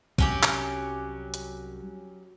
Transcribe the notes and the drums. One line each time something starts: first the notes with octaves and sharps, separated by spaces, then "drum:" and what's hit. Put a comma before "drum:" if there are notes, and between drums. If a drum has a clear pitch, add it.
C2 F#3 C#4 G4, drum: kick
drum: clap
drum: hi-hat